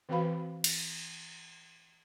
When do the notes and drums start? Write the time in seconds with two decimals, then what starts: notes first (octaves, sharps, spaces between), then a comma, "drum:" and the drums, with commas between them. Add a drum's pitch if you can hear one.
0.09 E3 C4 F#4 B4 F5 B5
0.64 drum: cymbal